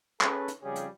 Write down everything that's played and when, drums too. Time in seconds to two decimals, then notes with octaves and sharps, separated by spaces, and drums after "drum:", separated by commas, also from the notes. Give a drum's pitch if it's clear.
0.21 C#4 G#4 A4 B4 C#5, drum: clap
0.48 drum: hi-hat
0.63 F2 C#3 G3 C#4 G4 G#4
0.76 drum: hi-hat